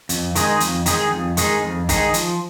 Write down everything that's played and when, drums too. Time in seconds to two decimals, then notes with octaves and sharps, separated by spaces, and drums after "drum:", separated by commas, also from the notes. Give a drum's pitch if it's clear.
0.09 F2, drum: hi-hat
0.35 D#3 G#3 D#4 G#4, drum: hi-hat
0.60 F2, drum: hi-hat
0.86 D#3 G#3 D#4 G#4, drum: hi-hat
1.12 F2
1.37 D#3 G#3 D#4 G#4, drum: hi-hat
1.62 F2
1.89 D#3 G#3 D#4 G#4, drum: kick, hi-hat
2.14 F3, drum: hi-hat